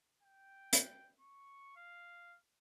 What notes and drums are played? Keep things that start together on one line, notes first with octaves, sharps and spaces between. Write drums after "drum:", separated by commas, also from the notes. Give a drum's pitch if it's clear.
G5
drum: hi-hat
C#6
F5